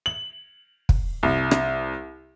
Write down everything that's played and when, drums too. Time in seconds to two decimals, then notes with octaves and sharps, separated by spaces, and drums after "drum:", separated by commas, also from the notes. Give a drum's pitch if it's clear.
0.06 F#7
0.89 drum: kick
1.23 C2
1.51 drum: rim click